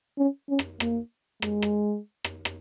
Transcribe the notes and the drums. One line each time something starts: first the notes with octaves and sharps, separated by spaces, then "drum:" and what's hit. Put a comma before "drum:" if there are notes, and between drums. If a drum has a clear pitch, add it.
C#4
C#4
drum: rim click
A#3, drum: rim click
G#3, drum: rim click
drum: rim click
drum: rim click
drum: rim click